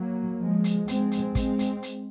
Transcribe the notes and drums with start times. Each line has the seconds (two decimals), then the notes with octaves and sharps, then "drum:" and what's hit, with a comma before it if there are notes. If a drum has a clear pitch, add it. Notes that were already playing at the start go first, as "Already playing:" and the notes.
Already playing: F#3 A#3
0.40 F3 G#3
0.64 drum: hi-hat
0.88 G#3 C4, drum: hi-hat
1.11 drum: hi-hat
1.35 G#3 C4, drum: kick, hi-hat
1.59 drum: hi-hat
1.83 drum: hi-hat